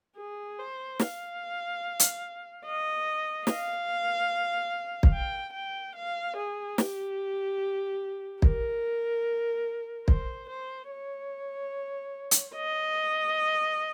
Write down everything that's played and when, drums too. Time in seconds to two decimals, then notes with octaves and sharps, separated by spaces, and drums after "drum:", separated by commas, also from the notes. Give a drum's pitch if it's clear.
0.16 G#4
0.59 C5
1.00 F5, drum: snare
2.00 drum: hi-hat
2.65 D#5
3.47 F5, drum: snare
5.03 drum: kick
5.13 G5
5.53 G5
5.96 F5
6.36 G#4
6.78 G4, drum: snare
8.42 A#4, drum: kick
10.08 C5, drum: kick
10.49 C5
10.90 C#5
12.31 drum: hi-hat
12.55 D#5